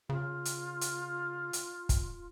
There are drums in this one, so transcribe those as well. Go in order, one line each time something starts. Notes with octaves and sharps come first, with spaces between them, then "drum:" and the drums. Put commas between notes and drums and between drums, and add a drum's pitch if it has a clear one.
C#3 F4
drum: hi-hat
drum: hi-hat
drum: hi-hat
drum: kick, hi-hat